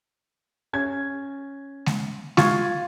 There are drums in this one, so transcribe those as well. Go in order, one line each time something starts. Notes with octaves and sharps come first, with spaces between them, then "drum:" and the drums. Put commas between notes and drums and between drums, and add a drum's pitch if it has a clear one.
C#4 G#6
drum: snare G#3
F4 C#6 G#6, drum: snare G#3